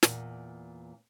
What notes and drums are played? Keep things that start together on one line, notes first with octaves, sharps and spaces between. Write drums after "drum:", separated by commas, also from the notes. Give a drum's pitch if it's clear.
E2 A#2, drum: snare